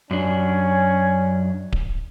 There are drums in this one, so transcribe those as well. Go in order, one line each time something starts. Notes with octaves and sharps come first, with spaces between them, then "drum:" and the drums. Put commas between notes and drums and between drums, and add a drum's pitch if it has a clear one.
F#2 C#4 D4
drum: kick D1